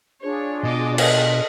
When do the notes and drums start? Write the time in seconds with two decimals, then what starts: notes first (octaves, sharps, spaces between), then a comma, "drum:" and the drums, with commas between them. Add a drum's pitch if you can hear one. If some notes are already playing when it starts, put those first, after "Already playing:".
0.22 D4 F4 G#4 C#5
0.65 B2 D#5 D6
0.98 A4 D#5, drum: cymbal